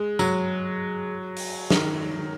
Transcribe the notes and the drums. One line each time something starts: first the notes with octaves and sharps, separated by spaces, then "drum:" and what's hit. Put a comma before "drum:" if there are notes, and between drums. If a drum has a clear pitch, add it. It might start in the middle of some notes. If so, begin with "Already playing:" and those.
Already playing: G#3
F#3, drum: tambourine
drum: open hi-hat
D#3, drum: snare